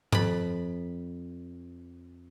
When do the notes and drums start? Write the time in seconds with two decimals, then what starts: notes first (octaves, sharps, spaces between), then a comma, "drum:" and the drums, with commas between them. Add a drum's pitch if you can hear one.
0.12 F2 B5, drum: tom G2